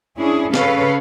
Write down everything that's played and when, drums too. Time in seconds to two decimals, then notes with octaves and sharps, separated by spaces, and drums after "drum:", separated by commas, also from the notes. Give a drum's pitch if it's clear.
0.18 C#4 D4 E4 G#4
0.54 C#3 A4 B4 C#5 F5, drum: snare